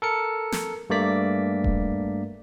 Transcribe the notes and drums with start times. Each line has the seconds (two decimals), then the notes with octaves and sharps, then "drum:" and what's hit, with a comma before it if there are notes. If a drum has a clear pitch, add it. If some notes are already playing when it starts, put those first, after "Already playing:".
0.02 A4 A#4 C#7
0.52 drum: snare
0.90 G2 A3 A#3 D5 B6
1.64 drum: kick D#1